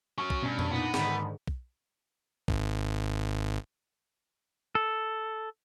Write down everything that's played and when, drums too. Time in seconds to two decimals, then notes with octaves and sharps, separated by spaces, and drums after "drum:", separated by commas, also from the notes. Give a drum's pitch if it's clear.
0.18 F#3 C#4 C#6
0.30 drum: kick
0.42 G2 B2 C#4
0.59 drum: tom F2
0.71 A#2 B3 D4 D#4
0.94 G#2 D3 D#3 B5, drum: snare
1.47 drum: kick
2.48 G#1, drum: kick
4.75 A4